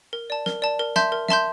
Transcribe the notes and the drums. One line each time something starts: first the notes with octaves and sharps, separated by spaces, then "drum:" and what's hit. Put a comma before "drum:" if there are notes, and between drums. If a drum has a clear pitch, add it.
A#4
D5 A5
A#4, drum: snare
D5 A5
A#4
E5 A5 C6 G6, drum: snare
A#4
E5 A5 C6 G6, drum: snare